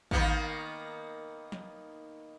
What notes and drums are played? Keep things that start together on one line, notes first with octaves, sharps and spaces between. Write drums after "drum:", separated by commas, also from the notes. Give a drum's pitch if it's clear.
D#3 A#3 B3, drum: kick
drum: snare